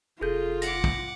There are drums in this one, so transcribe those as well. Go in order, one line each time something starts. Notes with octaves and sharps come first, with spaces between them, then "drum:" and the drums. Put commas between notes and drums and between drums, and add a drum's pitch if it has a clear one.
F1 F4 G#4 A4 G6
F#5 D6 A#6, drum: hi-hat
drum: kick